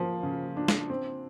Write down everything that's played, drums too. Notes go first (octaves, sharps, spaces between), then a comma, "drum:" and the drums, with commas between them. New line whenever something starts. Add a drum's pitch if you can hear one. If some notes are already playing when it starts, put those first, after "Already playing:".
Already playing: F3 A#3
C#3
D4
drum: snare
C4